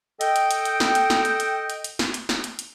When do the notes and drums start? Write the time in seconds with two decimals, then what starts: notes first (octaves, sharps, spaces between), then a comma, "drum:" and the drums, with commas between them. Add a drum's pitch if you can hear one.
0.21 A4 D#5 G5, drum: hi-hat
0.36 drum: hi-hat
0.51 drum: hi-hat
0.65 drum: hi-hat
0.80 drum: snare
0.95 drum: hi-hat
1.10 drum: snare
1.25 drum: hi-hat
1.40 drum: hi-hat
1.70 drum: hi-hat
1.84 drum: hi-hat
1.99 drum: snare
2.14 drum: hi-hat
2.29 drum: snare
2.44 drum: hi-hat
2.59 drum: hi-hat